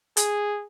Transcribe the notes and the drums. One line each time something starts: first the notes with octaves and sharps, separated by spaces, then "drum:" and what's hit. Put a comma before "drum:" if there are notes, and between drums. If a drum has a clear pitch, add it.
G#4, drum: hi-hat